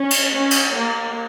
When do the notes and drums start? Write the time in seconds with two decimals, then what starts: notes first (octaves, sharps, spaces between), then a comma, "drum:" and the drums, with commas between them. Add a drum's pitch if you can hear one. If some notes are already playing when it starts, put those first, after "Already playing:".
Already playing: C#4
0.10 drum: cymbal
0.35 C#4
0.51 drum: cymbal
0.75 A#3